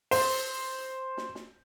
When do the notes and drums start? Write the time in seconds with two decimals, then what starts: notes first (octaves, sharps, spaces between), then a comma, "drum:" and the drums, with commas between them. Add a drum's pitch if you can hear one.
0.11 C5, drum: open hi-hat
1.17 drum: snare
1.35 drum: snare